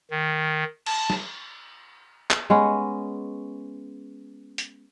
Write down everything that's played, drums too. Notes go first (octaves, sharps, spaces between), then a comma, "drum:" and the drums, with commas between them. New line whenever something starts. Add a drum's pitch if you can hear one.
D#3
A5, drum: cymbal
drum: snare
drum: clap
G#3 B3 C#4
drum: hi-hat